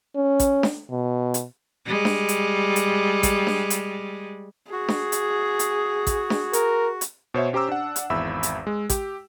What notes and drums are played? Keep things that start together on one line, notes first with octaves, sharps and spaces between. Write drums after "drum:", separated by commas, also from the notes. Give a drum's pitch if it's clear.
C#4
drum: kick A1, hi-hat
drum: snare D4
B2
drum: hi-hat
G3 G#3
drum: snare D4
drum: hi-hat
drum: hi-hat
drum: kick A1, hi-hat
drum: snare D4
drum: hi-hat
F#4 G#4
drum: snare D4
drum: hi-hat
drum: hi-hat
drum: kick A1, hi-hat
drum: snare D4
A#4, drum: hi-hat
drum: hi-hat
B2 C5 C#5 E5
C#4 G4 C5 A#5 D6 E6
D4 F#5
drum: hi-hat
G#1 E2 E5 B5 E6
drum: hi-hat
G#3
G4, drum: kick A1, hi-hat